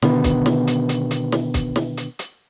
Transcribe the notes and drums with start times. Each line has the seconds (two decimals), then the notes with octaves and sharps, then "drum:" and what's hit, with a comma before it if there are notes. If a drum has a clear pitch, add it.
0.02 B2 D3 D#3 B3, drum: snare
0.24 drum: kick, hi-hat
0.46 drum: snare
0.67 drum: hi-hat
0.89 drum: hi-hat
1.11 drum: hi-hat
1.32 drum: snare
1.54 drum: kick, hi-hat
1.76 drum: snare
1.97 drum: hi-hat
2.19 drum: hi-hat